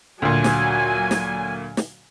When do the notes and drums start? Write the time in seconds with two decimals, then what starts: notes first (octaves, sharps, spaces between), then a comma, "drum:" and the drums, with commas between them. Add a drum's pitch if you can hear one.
0.22 D2 A#2 F#3 G#5
0.44 drum: snare
1.11 drum: snare
1.77 drum: snare